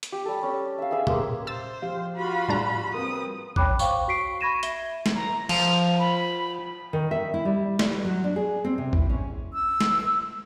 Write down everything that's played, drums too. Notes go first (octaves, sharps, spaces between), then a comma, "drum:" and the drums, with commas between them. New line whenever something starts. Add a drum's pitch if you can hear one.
drum: hi-hat
G4
G3 A4
C#4
E5 F5
G#4 B4 E5 G#5
G#3 A#3 G4, drum: tom
C5 E6 A6
F3 G4 F5
F4 F#4 B5
A2 G3 D4 G#4 A#5
C4 A#4 B4 D#6
C#5 G5 B5 D6 F#6, drum: kick A#1
C5 F5 G5 C#6, drum: tambourine
F#4 C#6 B6 C7 D7
B5 C#6 G#6 A#6 D#7 E7
E5 G7, drum: hi-hat
drum: snare
A#5
F3 F7, drum: cymbal
B5
D#3
E5
E4
G3
G3, drum: snare
F#3
D4
G#4
C4
C3
E4, drum: kick A#1
C#4
E6
drum: snare